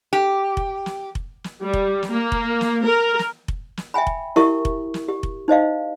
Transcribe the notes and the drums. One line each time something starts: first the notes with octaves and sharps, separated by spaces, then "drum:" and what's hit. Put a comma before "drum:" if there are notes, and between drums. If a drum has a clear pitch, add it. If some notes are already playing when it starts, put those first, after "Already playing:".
G4
drum: kick F1
drum: snare
drum: kick F1
drum: snare
G3
drum: kick F1
drum: snare
A#3
drum: kick F1
drum: snare
A#4
drum: snare
drum: kick F1
drum: snare
E5 G5 G#5 B5
drum: kick F1
E4 G4 A#4 E5 C#6, drum: snare
drum: kick F1
drum: snare
G4
drum: kick F1
D#4 C5 D#5 F5